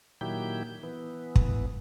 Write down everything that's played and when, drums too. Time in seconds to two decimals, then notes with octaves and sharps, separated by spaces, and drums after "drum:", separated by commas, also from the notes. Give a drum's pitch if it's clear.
0.21 A#2 D#3 F#3 E4 G4 G6
0.83 E3 B3
1.36 drum: kick